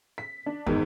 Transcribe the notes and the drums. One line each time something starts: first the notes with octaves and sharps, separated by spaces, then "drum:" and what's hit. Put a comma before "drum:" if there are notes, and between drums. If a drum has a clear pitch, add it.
B6
D4
E2 G#2 D#3, drum: kick